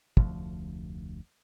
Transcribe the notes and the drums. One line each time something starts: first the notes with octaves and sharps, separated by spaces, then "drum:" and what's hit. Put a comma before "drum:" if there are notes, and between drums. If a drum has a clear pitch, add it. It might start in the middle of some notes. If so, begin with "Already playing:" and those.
F1 D2 F3, drum: kick